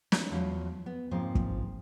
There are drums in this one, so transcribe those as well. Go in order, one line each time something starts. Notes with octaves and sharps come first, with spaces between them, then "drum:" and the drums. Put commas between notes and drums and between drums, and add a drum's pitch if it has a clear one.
D#4, drum: snare
E2 F3 F#3
B3
G#2 C#3 F3 A#3 C4
drum: kick